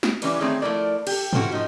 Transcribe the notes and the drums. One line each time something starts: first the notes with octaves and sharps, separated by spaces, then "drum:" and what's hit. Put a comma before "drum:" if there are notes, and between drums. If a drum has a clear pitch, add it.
drum: snare
E3 G3 C#4 D4 B4, drum: cymbal
D#3 A3 C4 D#4 G#4 C#5
F3 A3 A#3 E4 A#4 D5
G4 A4, drum: cymbal
F3 A3 B3 C#4 F#4, drum: tom G#2
F3 D#4